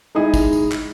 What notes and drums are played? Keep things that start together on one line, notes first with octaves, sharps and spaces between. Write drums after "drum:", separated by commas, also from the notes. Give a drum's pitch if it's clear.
G#3 D#4 E4 G#4
drum: kick, tambourine
drum: tambourine
drum: clap